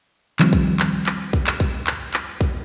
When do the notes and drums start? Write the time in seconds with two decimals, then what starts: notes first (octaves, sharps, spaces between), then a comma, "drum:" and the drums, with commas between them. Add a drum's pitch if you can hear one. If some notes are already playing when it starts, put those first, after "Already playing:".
0.39 D#3 F3 G3 C4, drum: clap
0.53 drum: kick
0.80 drum: clap
1.06 drum: clap
1.33 drum: kick
1.47 drum: clap
1.60 drum: kick
1.87 drum: clap
2.14 drum: clap
2.41 drum: kick